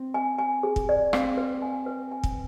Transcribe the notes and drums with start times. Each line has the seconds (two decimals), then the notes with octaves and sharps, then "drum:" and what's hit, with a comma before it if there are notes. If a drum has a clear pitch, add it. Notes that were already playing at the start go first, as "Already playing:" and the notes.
Already playing: C4
0.14 G#5
0.39 G#5
0.63 G#4
0.76 drum: kick
0.89 D5
1.13 C4 F5, drum: rim click
1.37 B4
1.62 G#5
1.86 B4
2.12 G#5
2.23 drum: kick